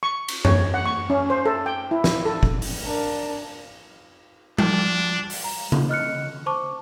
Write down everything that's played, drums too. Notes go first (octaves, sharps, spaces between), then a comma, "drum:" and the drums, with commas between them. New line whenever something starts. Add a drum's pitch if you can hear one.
C#6
drum: cymbal
C#5, drum: tom F#2
F#5
C#6
C#4
C5
A4
G5
E4
drum: snare
A4
drum: kick
drum: open hi-hat
D4 A#4
F3 D4, drum: tom G3
drum: open hi-hat
A#5
drum: tom C#3
D#5 F6 F#6 C#7
C5 A5 C#6 D6